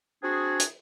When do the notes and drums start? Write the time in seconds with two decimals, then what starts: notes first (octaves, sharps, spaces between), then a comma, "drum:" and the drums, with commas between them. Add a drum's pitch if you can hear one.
0.22 C4 D4 F#4 G#4
0.60 drum: hi-hat